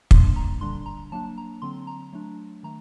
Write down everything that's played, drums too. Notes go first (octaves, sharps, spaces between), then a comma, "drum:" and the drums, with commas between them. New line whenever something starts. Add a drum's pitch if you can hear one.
G3 A#3 D4 C6, drum: kick
A#5
D3 G3 D4 C6
A#5
F#3 A#3 D4 A5
A#5
D3 F#3 C4 C6
A#5
F#3 A3 D4
D#3 A3 A#5